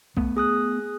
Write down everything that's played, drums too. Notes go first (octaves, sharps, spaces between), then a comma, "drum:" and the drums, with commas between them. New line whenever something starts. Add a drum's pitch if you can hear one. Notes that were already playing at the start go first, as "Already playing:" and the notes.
A3 B3, drum: kick
G#4 D#6 F#6